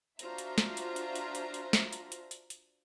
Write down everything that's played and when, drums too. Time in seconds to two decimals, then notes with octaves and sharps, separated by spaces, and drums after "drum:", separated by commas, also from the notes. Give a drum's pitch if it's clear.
0.19 D4 F4 F#4 C5 E5 A#5, drum: hi-hat
0.38 drum: hi-hat
0.58 drum: snare
0.77 drum: hi-hat
0.96 drum: hi-hat
1.15 drum: hi-hat
1.35 drum: hi-hat
1.54 drum: hi-hat
1.73 drum: snare
1.92 drum: hi-hat
2.12 drum: hi-hat
2.31 drum: hi-hat
2.50 drum: hi-hat